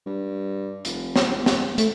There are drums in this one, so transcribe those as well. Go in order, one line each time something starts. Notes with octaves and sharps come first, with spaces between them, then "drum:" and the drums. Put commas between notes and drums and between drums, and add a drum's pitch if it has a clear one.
G2
F1, drum: hi-hat
drum: snare
drum: snare
A3, drum: hi-hat